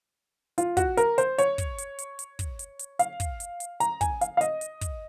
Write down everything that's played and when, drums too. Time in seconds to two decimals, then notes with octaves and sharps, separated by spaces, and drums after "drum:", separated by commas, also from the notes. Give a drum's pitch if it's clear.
0.58 F4, drum: hi-hat
0.77 F#4, drum: kick, hi-hat
0.97 A#4, drum: hi-hat
1.18 C5, drum: hi-hat
1.38 C#5, drum: hi-hat
1.58 drum: kick, hi-hat
1.78 drum: hi-hat
1.99 drum: hi-hat
2.19 drum: hi-hat
2.39 drum: kick, hi-hat
2.59 drum: hi-hat
2.79 drum: hi-hat
2.99 F5, drum: hi-hat
3.20 drum: kick, hi-hat
3.40 drum: hi-hat
3.60 drum: hi-hat
3.80 A#5, drum: hi-hat
4.01 G#5, drum: kick, hi-hat
4.21 F5, drum: hi-hat
4.37 F5
4.41 D#5, drum: hi-hat
4.61 drum: hi-hat
4.81 drum: kick, hi-hat